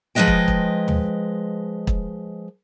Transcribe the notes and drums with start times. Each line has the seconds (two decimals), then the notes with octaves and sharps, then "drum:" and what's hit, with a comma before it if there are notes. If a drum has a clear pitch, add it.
0.15 F3 G#3 C4 B4 D#5 G5
0.28 drum: kick
0.48 drum: kick
0.88 drum: tom
1.87 drum: kick